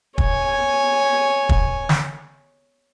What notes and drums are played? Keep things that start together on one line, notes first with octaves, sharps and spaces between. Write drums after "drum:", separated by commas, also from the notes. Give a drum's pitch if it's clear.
C#5 G#5, drum: kick
drum: kick
drum: snare